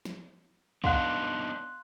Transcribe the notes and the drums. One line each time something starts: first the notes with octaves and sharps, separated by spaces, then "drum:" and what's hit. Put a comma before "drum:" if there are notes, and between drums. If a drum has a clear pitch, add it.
drum: snare
B3 D4 D#4 F5 F#5 C6 F#6, drum: kick